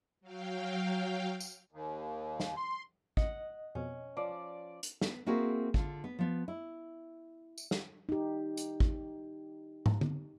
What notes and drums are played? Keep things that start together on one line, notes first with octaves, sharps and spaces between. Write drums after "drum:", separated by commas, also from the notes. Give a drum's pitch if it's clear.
F#3 F5 G5
drum: tambourine
D#2
drum: snare
C6
D#5 F#5, drum: kick G#1
F2 B2 C#4
F3 D5
drum: hi-hat
B3, drum: snare
A#3 C4 E4 F#4 G#4 A#4
D3 F4, drum: kick G#1
B3
F3 B3
E4
drum: tambourine
drum: snare
D#4 G4
drum: hi-hat
drum: kick G#1
drum: tom
drum: tom D3